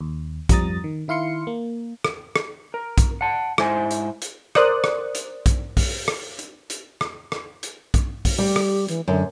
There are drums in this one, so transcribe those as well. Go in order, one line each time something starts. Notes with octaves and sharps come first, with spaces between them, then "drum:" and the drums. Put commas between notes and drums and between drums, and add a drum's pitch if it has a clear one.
D#2
F2 F3 G3 A#5 D#6 A6, drum: kick, hi-hat
D#3
D#3 E4 F5 C6 C#7
A#3
drum: rim click
drum: rim click
A#4
drum: kick, hi-hat
F#5 A5
G#2 E4 C5 G#5, drum: rim click
drum: hi-hat
drum: hi-hat
A#4 C5 D5 D#6 F#6, drum: rim click
drum: rim click
drum: hi-hat
drum: kick, hi-hat
drum: kick, open hi-hat
drum: rim click
drum: hi-hat
drum: hi-hat
drum: rim click
drum: rim click
drum: hi-hat
drum: kick, hi-hat
drum: kick, open hi-hat
G3 G4
drum: rim click
E3, drum: hi-hat
F#2 D3